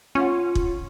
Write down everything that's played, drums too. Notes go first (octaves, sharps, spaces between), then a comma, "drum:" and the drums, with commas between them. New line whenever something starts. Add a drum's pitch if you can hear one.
C#4 F4 F5 F#5
drum: kick